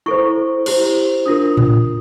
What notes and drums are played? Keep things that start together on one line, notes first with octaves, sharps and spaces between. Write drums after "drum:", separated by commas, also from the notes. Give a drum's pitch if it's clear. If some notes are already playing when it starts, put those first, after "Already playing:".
E4 A4 C5 C#6
E4 G4 C5, drum: cymbal
D4 F4 A#4 D#6
drum: tom A2